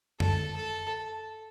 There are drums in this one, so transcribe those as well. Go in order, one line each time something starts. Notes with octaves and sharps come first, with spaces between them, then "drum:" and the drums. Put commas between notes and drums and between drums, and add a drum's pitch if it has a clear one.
A4, drum: tom F#2
A4